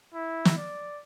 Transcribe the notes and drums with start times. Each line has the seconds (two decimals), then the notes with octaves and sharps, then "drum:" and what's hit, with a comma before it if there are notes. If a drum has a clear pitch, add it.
0.14 E4
0.45 drum: snare
0.57 D5